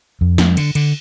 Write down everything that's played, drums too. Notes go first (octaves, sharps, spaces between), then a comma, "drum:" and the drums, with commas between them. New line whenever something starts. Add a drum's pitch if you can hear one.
F2
F2, drum: snare
D3, drum: cymbal
D3, drum: cymbal